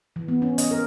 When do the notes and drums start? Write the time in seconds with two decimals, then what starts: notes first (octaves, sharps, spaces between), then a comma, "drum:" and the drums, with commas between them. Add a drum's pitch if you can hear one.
0.16 E3
0.28 B3
0.42 C#4
0.58 D#5, drum: hi-hat
0.71 A#4